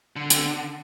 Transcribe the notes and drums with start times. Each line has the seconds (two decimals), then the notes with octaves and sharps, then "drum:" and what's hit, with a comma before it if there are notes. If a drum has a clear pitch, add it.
0.16 D3
0.30 drum: hi-hat